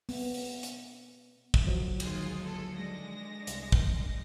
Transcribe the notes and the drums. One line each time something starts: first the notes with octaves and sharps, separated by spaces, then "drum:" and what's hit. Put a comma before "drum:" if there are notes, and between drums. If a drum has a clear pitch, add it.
B3, drum: open hi-hat
drum: open hi-hat
drum: hi-hat
drum: kick
D3 F3 F#3
D#2 G#3 F4, drum: cymbal
A4
G#3 D4 A#6
C2, drum: hi-hat
drum: kick